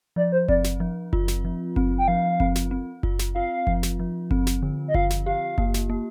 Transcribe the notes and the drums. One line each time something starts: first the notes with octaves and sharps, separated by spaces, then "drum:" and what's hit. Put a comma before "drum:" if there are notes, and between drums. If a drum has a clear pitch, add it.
F3 D5
C5
C4 D5, drum: kick F#1
drum: snare
F3
F4, drum: kick F#1
drum: snare
F3
C4, drum: kick F#1
G5
F3 F5
C4, drum: kick F#1
drum: snare
C4
F4, drum: kick F#1
drum: snare
F4 F5
F3, drum: kick F#1
drum: snare
F3
C4, drum: kick F#1
drum: snare
D3
D#5
F4 F5, drum: kick F#1
drum: snare
G4 F5
A#3, drum: kick F#1
drum: snare
A#3